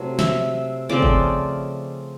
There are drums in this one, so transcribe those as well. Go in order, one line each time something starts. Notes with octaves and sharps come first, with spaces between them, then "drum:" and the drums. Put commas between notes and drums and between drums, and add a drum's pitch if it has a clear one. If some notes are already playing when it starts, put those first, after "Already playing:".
Already playing: C3 F#3 A3
E5, drum: snare
C#3 F3 A3 C4 D5
drum: kick